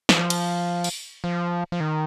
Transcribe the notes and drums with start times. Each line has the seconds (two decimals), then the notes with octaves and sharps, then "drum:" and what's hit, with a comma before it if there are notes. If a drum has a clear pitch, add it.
0.09 F3, drum: snare
0.30 drum: cymbal
0.84 drum: open hi-hat
1.24 F3
1.72 F3
1.80 D#3